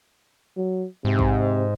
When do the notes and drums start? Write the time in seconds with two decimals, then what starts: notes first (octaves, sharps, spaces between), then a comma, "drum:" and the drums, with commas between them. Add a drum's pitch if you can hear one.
0.58 F#3
1.05 G#2 C3
1.19 drum: kick